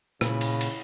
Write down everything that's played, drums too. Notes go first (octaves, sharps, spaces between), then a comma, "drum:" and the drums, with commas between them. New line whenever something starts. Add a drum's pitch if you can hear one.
A#2 C#3 E4 B5, drum: rim click
drum: cymbal
drum: cymbal